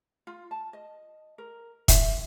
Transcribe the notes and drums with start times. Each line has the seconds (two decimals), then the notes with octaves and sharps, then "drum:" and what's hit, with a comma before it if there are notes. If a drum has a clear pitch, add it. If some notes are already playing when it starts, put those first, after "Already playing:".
0.27 F4
0.51 A5
0.73 D#5
1.38 A#4
1.88 E5, drum: kick E1, hi-hat